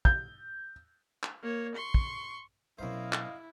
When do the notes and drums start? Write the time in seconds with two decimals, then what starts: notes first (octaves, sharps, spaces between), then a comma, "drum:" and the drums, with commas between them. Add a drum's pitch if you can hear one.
0.05 G6, drum: kick
1.23 drum: clap
1.42 A#3 C#5
1.75 C6 C#6
1.94 drum: kick
2.79 F#2 B2 F#3 E4 C5 D#5 F5
3.13 drum: clap